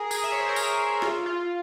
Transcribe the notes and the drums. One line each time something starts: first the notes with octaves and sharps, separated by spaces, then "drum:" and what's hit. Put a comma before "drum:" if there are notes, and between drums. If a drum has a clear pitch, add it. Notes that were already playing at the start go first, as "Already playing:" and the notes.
Already playing: G#4 A#4
G#4, drum: tambourine
E5
C#5
C5
A#4
G#4, drum: tambourine
F4, drum: rim click
F4